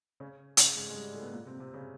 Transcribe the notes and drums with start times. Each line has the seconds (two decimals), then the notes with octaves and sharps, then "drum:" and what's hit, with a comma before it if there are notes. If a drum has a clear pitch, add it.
0.20 C#3 C#4
0.57 C#3 C#4, drum: hi-hat
0.76 G#2 G#3
0.89 G#3
0.95 G3
1.13 A2 A3
1.23 B3
1.32 A#2 A#3
1.46 C3 C4
1.60 C3 C4
1.74 C#3 C#4